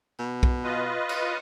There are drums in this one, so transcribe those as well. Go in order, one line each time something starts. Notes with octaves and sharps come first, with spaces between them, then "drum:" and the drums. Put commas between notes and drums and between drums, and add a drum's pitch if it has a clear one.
B2
drum: kick B1
F4 B4 D#5
drum: cymbal